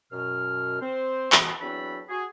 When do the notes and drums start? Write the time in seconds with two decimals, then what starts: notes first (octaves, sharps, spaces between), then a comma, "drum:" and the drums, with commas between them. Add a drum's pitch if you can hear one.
0.12 F#2 B2 F6
0.81 C4 C5
1.32 B2 E3 B3, drum: clap
1.60 E2 F#3 C4 D4 A4 B5
2.09 F#4 G#4